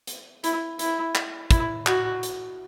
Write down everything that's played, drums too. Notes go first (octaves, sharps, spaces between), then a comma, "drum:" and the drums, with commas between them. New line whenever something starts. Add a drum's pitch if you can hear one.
drum: hi-hat
E4, drum: hi-hat
E4, drum: hi-hat
drum: clap
E4, drum: kick, hi-hat
F#4, drum: clap
drum: hi-hat